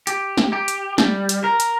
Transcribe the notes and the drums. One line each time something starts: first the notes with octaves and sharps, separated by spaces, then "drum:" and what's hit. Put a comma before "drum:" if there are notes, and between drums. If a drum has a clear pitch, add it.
G4, drum: hi-hat
drum: snare
G4
drum: hi-hat
G3, drum: snare
drum: hi-hat
A#4
drum: hi-hat